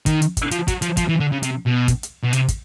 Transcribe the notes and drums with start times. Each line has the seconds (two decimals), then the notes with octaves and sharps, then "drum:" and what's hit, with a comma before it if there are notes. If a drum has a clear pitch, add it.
0.06 D#3, drum: kick, hi-hat
0.22 drum: hi-hat
0.37 drum: kick, hi-hat
0.51 F3, drum: hi-hat
0.68 F#3, drum: kick, hi-hat
0.82 F3, drum: hi-hat
0.97 F3, drum: kick, hi-hat
1.09 E3
1.20 D3
1.32 C#3
1.43 C3, drum: hi-hat
1.66 B2
1.88 drum: kick, hi-hat
2.03 drum: hi-hat
2.23 B2
2.33 C3, drum: hi-hat
2.48 drum: kick, hi-hat